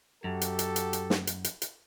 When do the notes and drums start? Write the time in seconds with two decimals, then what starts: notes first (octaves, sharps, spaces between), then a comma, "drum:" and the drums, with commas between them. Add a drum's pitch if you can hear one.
0.24 F#2 F#4 G4 A4
0.41 drum: hi-hat
0.59 drum: hi-hat
0.76 drum: hi-hat
0.93 drum: hi-hat
1.10 drum: snare
1.27 drum: hi-hat
1.44 drum: hi-hat
1.62 drum: hi-hat